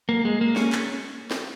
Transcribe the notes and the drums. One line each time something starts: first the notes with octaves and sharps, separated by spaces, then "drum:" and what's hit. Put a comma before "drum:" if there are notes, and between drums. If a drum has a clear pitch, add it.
A#3
G#3
A#3
C#4, drum: snare
drum: clap
drum: snare